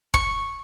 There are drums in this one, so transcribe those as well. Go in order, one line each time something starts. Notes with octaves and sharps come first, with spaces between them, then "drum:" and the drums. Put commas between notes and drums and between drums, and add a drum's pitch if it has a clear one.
C#6, drum: kick